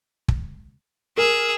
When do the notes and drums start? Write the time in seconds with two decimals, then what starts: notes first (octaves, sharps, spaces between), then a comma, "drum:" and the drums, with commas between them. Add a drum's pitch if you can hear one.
0.28 drum: kick
1.17 G#4 A#4 E6